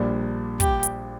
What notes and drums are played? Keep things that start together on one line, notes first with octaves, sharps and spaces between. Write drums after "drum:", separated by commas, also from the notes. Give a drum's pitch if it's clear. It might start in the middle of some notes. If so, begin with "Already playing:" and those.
Already playing: A#1 A#2 G3 A#3 D4
G4, drum: kick, hi-hat
drum: hi-hat